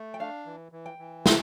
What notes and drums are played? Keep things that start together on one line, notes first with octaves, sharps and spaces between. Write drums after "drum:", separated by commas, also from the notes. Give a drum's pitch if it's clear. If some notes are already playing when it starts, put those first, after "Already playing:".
Already playing: A3
G5
D4 F5
E3
E3
G5
E3
C3, drum: snare